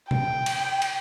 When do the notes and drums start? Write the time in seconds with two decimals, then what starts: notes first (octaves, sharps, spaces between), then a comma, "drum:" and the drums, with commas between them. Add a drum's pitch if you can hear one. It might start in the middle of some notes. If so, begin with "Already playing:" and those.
0.11 G5, drum: tom
0.46 drum: cymbal
0.82 drum: cymbal